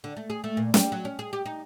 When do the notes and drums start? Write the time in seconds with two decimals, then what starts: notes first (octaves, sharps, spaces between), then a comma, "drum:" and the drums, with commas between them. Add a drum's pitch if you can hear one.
0.04 D3
0.17 A3
0.30 G#4
0.44 A3
0.57 A#2
0.74 G3, drum: snare
0.92 F#3
1.05 C#4
1.19 G#4
1.33 G4
1.46 D#4